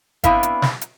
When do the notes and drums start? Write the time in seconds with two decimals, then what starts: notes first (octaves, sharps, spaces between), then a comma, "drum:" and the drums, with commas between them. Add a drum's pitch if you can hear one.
0.24 B3 C4 D4 E4 E5 F5, drum: kick G1, hi-hat
0.43 drum: hi-hat
0.62 drum: snare
0.81 drum: hi-hat